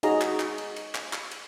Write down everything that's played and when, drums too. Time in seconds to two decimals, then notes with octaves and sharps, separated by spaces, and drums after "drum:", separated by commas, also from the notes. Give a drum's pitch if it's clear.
0.03 D#4 F#4 G#4 D#5 A#5, drum: cymbal
0.21 drum: clap
0.40 drum: clap
0.58 drum: cymbal
0.76 drum: cymbal
0.95 drum: clap
1.13 drum: clap
1.31 drum: cymbal